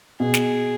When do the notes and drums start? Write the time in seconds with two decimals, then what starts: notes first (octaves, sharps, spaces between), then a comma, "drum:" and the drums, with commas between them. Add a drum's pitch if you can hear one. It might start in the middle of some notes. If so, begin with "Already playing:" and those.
0.20 B2 G#4
0.34 drum: snare